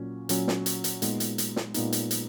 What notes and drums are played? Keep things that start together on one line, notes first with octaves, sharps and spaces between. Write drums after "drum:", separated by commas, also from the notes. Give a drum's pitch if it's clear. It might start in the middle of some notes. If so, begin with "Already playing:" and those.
Already playing: A#2 F#3 C#4
A#2 F#3 C#4, drum: hi-hat
drum: snare
drum: hi-hat
drum: hi-hat
A#2 G#3 B3 D#4, drum: hi-hat
drum: hi-hat
drum: hi-hat
drum: snare
A#2 G#3 B3 D#4, drum: hi-hat
drum: hi-hat
drum: hi-hat